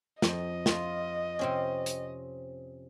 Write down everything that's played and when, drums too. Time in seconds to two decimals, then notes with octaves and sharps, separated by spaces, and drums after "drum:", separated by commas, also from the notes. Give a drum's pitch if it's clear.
0.22 F2 D#5, drum: snare
0.66 F4, drum: snare
1.39 C3 C4 C#4
1.86 drum: hi-hat